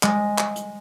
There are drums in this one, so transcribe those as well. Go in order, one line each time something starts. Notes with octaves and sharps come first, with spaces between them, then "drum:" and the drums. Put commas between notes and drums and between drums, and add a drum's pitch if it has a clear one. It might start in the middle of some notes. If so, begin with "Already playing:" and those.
G#3, drum: clap
drum: clap
drum: hi-hat